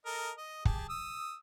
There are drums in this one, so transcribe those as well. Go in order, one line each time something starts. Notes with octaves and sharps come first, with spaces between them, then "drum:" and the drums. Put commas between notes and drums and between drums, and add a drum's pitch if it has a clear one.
A4 A#4 D#5
D#5
G4 G#4 A5, drum: kick
D#6 E6